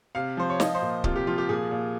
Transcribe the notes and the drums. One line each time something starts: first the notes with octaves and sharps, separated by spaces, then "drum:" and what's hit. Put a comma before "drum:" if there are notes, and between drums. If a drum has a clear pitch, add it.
C3 F5
F3 C5
C#5
F3 D#5, drum: snare
C5
A#2
C3 F4, drum: kick C#1
G4
F3 F4
G4
A#2 G#4
A#2